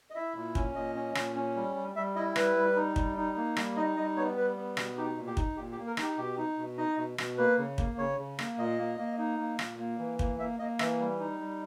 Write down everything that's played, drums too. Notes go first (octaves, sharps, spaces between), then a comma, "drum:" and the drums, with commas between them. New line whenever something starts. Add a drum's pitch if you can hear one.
D#5
E4 E5
A#2
C#4, drum: kick
A#2 D#5
C#4
A#2, drum: rim click
C#4
G3
G3
G3 E5
E4 D#5
G3 B4, drum: rim click
G3
D#4
G3, drum: kick
D#4
A#3
G3, drum: rim click
D#4 D#5
G3 D#5
B3 C#5
G3 B4
B3
B2, drum: rim click
D#4 G4
A#2
G4
D#4, drum: kick
A#2 G4
G4
A#3
A#4
D#4, drum: rim click
G4
B2 G4
D#4
B2
D#4 D#5
B2
B2, drum: rim click
A#3 B4
C#3
A#3, drum: kick
C#3 C#5
C#3
A#3, drum: rim click
A#2 D#5
A#3
A#3
D#4
A#3
A#2, drum: rim click
A#3
E3
A#3, drum: kick
A#3 E5
A#3 D#5
E3 E5, drum: rim click
G3
D#4
G3